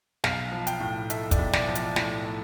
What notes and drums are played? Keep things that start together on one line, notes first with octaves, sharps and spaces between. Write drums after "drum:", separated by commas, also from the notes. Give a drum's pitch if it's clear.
B1 F5, drum: snare
F3
G5, drum: hi-hat
A2
A3 E5, drum: hi-hat
D5, drum: kick, hi-hat
B1
D5, drum: snare
F3
D5, drum: hi-hat
A2 D5, drum: snare
A3